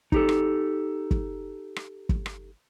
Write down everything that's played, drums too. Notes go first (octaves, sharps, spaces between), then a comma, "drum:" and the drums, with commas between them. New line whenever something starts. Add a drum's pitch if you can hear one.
D#4 G4 A4, drum: kick
drum: rim click
drum: kick
drum: rim click
drum: kick
drum: rim click